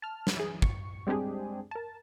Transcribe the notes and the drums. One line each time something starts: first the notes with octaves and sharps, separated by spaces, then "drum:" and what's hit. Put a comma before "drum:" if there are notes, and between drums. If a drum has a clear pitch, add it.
A5 F6
drum: snare
E3 G#4
C#6, drum: kick
G3 G#3 C4 D4 G4 G#4
A#4 A5